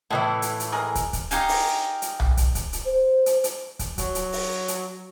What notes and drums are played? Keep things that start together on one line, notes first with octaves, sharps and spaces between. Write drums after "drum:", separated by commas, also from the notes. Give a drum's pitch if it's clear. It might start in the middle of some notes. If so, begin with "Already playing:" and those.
A2 D#3 E3 B3
drum: hi-hat
drum: hi-hat
G#3 G#4 A#4
drum: kick, hi-hat
drum: kick, hi-hat
D#4 G4 F5 G#5, drum: hi-hat
drum: open hi-hat
drum: hi-hat
drum: tom B1
drum: kick, hi-hat
drum: kick, hi-hat
drum: hi-hat
C5
drum: hi-hat
drum: hi-hat
drum: kick, hi-hat
F#3, drum: kick, hi-hat
drum: hi-hat
drum: open hi-hat
drum: hi-hat